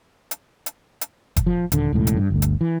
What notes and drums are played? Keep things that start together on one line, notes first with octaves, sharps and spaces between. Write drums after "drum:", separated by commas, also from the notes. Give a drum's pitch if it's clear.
drum: hi-hat
drum: hi-hat
drum: hi-hat
drum: kick F#1, hi-hat
F3
D#1 D3, drum: hi-hat
E1 C#2 A2
drum: hi-hat
G2
G1 D2
drum: hi-hat
E3